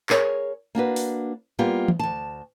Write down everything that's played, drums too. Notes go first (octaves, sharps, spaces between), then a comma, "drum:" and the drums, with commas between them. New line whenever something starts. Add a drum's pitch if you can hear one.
G#4 A#4 C#5, drum: clap
A#3 D4 F#4 B4
drum: open hi-hat
G3 A#3 B3 F4 G4
drum: tom E3
D2 A5